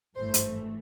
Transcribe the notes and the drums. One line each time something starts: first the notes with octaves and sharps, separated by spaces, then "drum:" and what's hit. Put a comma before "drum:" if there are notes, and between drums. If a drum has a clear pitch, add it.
G#1 G2 E3 A3 C5
drum: hi-hat